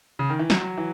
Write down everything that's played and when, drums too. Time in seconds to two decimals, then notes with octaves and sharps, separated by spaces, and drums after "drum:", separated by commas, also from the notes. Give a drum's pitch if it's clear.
0.19 C#3
0.30 D#3
0.39 E3
0.50 F#3, drum: snare
0.78 E3